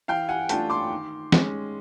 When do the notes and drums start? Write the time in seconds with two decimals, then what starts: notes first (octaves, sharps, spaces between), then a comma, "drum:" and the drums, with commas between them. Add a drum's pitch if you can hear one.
0.08 E3 F5 G5
0.29 F#5 G#5
0.49 A3 D4 F4 G5 A5, drum: hi-hat
0.70 C6 D6
0.90 D#3
1.32 G#3 C#4, drum: snare